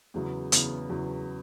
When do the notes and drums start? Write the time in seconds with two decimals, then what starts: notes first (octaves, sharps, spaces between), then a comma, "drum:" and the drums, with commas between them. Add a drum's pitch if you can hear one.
0.14 E2 C#3 F#3 B3
0.52 E2 C#3 F#3 B3, drum: hi-hat
0.89 E2 C#3 F#3 B3